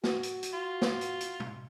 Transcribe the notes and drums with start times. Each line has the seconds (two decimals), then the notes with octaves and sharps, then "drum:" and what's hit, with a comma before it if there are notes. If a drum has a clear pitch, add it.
0.04 F#4, drum: snare
0.23 drum: hi-hat
0.43 drum: hi-hat
0.53 F4
0.82 drum: snare
1.01 drum: hi-hat
1.20 drum: hi-hat
1.40 drum: tom